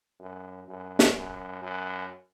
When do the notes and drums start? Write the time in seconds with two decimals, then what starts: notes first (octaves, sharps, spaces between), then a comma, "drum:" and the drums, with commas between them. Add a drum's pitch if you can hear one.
0.19 F#2
0.68 F#2
0.99 drum: snare
1.15 F#2
1.62 F#2